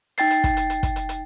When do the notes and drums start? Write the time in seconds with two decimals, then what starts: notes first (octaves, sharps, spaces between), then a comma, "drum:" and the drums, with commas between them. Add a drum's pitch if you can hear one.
0.18 D#4 G5 A6 C7, drum: hi-hat
0.31 drum: hi-hat
0.44 drum: kick, hi-hat
0.57 drum: hi-hat
0.70 drum: hi-hat
0.83 drum: kick, hi-hat
0.96 drum: hi-hat
1.09 drum: hi-hat